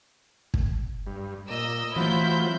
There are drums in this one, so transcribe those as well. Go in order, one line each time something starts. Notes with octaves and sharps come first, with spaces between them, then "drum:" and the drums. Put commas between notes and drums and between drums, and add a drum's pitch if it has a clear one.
drum: kick
G2
A#2 D#5 E6
E3 F#3 A3 C4 E4 F4 G6 B6